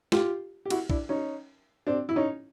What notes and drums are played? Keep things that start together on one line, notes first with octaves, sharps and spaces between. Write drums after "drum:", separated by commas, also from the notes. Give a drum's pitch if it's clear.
F4 G4, drum: snare
G4
E4 F#4, drum: cymbal
D4 E4, drum: kick
C#4 D#4
C4 D4
E4
C#4 D#4